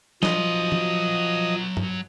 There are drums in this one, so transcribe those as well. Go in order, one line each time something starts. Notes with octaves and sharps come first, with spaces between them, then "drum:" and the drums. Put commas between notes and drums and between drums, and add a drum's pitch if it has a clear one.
F3 F#3 D#5 C6 D#6, drum: snare
drum: tom
drum: tom